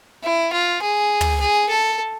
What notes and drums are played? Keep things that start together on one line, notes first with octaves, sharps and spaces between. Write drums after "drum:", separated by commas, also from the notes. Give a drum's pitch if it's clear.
E4
F4
G#4
drum: tom
G#4
A4